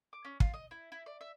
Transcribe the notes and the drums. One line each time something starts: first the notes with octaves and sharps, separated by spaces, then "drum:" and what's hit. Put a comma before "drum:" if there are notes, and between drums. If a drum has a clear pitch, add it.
D6
C#4
F4, drum: kick
D#5
E4
E4
D5
E5